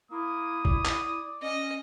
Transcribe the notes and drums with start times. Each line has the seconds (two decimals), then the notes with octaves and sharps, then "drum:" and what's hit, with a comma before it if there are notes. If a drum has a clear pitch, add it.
0.11 A#3 E4 D#6
0.65 D5, drum: kick
0.85 drum: clap
1.42 C#4 D#5